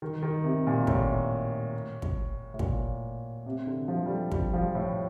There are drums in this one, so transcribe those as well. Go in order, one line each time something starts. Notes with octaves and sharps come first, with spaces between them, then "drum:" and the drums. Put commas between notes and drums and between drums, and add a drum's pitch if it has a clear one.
D#3
D#3
C3
A#2
A2, drum: kick
drum: kick
A2
A#2, drum: kick
C3
D3
F3
G3
A3
G3, drum: kick
F3
A2